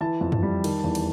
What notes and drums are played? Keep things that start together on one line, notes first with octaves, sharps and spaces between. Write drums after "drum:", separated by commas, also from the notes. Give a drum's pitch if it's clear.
E3 A5
F2
drum: tom F#2
G3
D#3, drum: cymbal
E2
drum: cymbal